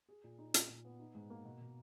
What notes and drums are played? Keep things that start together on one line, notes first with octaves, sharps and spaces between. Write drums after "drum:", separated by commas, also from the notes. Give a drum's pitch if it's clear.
G#4
A#2
D#4
A#2, drum: hi-hat
A#2
B3
D#4
G#2
A#3
B2
B2